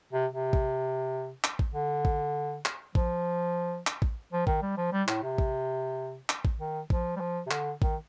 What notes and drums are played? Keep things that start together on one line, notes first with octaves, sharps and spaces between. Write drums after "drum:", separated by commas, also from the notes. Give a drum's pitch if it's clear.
C3
C3
drum: kick A1
drum: clap
drum: kick A1
D3
drum: kick A1
drum: clap
F3, drum: kick A1
drum: clap
drum: kick A1
F3
D#3, drum: kick A1
G3
F3
G3
A2, drum: clap
C3
drum: kick A1
drum: clap
drum: kick A1
D#3
F3, drum: kick A1
G3
F3
C3
D3, drum: clap
D#3, drum: kick A1